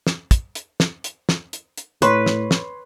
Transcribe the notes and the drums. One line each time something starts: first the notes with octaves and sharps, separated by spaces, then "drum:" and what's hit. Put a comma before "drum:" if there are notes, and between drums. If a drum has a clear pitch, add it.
drum: snare
drum: kick, hi-hat
drum: hi-hat
drum: snare
drum: hi-hat
drum: snare
drum: hi-hat
drum: hi-hat
A2 B4 C#5 C6 C#6, drum: hi-hat
drum: snare
drum: snare